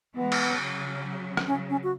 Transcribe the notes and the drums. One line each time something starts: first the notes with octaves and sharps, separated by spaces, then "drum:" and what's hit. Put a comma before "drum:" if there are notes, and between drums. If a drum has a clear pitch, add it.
E3 G#3 B3
drum: cymbal
C#3 F#3
drum: rim click
C#3 F#3 C#4
C#4
F#4